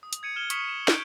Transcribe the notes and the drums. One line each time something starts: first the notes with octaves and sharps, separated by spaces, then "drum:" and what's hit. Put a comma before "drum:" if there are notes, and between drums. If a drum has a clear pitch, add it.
D#6
drum: hi-hat
G#6 C#7 D#7
F6 G#6 E7 G7
C#6 D#6 B6 C#7 E7, drum: hi-hat
E7
G6 D7, drum: snare